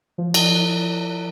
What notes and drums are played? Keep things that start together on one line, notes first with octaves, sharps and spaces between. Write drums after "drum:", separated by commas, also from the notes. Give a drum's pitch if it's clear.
F3
drum: cymbal